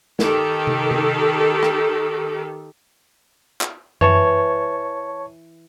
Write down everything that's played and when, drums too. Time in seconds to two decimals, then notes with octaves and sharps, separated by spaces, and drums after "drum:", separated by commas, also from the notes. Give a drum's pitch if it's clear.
0.19 D#3 G4 A4, drum: snare
0.67 drum: tom C3
0.91 drum: tom C3
1.63 drum: rim click
3.61 drum: clap
4.01 E3 C#5 A5 C#6, drum: tom F#2